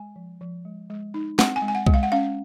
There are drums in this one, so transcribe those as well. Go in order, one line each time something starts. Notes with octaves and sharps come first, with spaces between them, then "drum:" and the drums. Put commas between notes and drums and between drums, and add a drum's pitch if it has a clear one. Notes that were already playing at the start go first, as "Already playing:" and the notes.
Already playing: G#3 G#5
F3
F3
G#3
G#3
D#4
C4 F#5, drum: snare
G#5
G#3
G#5
F#5
G#3, drum: kick C2
F5
F#5
C#4 F5